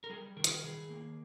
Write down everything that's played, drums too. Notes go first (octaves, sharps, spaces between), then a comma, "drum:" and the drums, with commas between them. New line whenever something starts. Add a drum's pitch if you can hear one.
A#4
G3 G#4
D#3 A#4
G#4, drum: hi-hat
A#4
D#3 G#4
A#3